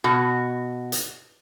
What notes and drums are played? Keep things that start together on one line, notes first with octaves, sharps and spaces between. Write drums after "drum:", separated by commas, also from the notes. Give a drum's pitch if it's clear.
B2 F#4
drum: hi-hat